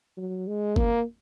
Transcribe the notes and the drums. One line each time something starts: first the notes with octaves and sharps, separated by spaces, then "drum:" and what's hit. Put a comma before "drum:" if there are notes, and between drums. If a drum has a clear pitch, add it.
F#3
G#3
A#3, drum: kick G1